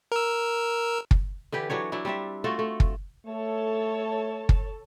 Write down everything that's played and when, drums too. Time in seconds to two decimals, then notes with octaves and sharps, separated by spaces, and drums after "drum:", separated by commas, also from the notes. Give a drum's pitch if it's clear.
0.12 A#4 E6
1.11 drum: kick
1.52 D3 E3 G4 B4
1.70 E3 F#3 D4 C#5
1.92 F#3 D4 E4
2.05 G3 C4 D4 E5
2.44 A3 F4 F#4 A4
2.59 A3
2.80 drum: kick
3.27 A3 A4 C#5 A5
4.49 drum: kick